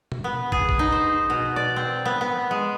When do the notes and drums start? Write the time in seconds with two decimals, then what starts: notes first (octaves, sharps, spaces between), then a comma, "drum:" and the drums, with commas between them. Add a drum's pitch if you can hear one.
0.12 drum: tom
0.24 B3
0.52 G#4, drum: kick
0.69 drum: kick
0.79 D#4
0.92 C5
1.30 B2
1.56 D5
1.76 C4
2.05 B3
2.21 B3
2.51 G#3